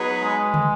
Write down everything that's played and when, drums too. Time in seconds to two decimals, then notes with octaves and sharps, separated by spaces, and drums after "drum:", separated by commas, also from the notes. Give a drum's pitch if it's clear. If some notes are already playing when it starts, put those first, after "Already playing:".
Already playing: F#3 B3 D#4 G#4 B4
0.22 G#3
0.54 drum: tom